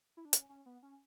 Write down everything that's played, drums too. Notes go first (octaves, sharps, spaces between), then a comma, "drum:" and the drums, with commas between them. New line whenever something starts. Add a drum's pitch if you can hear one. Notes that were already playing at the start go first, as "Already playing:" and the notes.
E4
D4
C#4, drum: hi-hat
C#4
B3
C#4